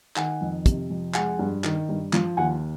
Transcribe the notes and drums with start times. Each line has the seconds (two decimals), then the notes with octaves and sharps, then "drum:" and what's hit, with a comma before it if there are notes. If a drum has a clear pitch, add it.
0.16 D#3 F#5 G#5, drum: clap
0.41 F2
0.66 C3, drum: kick, hi-hat
0.90 F2
1.14 G#3 F#5 G#5, drum: clap
1.39 G2
1.64 D#3, drum: clap
1.89 G2
2.13 F3, drum: clap
2.37 D#2 F#5 G#5